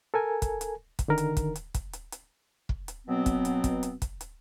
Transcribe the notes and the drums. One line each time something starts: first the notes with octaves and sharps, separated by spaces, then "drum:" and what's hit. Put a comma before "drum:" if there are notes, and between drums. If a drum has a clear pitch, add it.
A4 A#4 G#5
drum: kick, hi-hat
drum: hi-hat
drum: kick, hi-hat
D3 D#3 A#4
drum: hi-hat
drum: kick, hi-hat
drum: hi-hat
drum: kick, hi-hat
drum: hi-hat
drum: hi-hat
drum: kick
drum: hi-hat
B2 F#3 B3 C4
drum: kick, hi-hat
drum: hi-hat
drum: kick, hi-hat
drum: hi-hat
drum: kick, hi-hat
drum: hi-hat